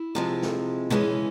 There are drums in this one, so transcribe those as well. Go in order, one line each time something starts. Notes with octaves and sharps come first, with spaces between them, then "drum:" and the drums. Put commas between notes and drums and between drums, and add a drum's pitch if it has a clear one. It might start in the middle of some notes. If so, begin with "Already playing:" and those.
Already playing: E4
C3 F3 G#3
drum: snare
C#3 E3 G#3 C#4, drum: tom B2